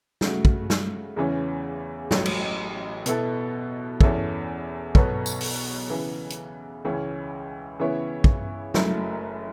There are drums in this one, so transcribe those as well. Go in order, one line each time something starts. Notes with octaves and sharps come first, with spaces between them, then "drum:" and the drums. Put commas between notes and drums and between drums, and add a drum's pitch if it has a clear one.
C#3 A3 F#4, drum: snare
drum: kick
drum: snare
E2 C#3 E3 C#4
A1 A2 F#3, drum: snare
drum: cymbal
B2 B3 E4 A4, drum: hi-hat
E2 E3 C#4 E4 A4, drum: kick
B1 B2 B3 A4 C#5, drum: kick
drum: tambourine
drum: open hi-hat
C#3 E3 B3
drum: hi-hat
C#2 C#3 E3 C#4
C#3 E3 B3 E4 C#5
drum: kick
F#1 F#2 F#3 A3 E4, drum: snare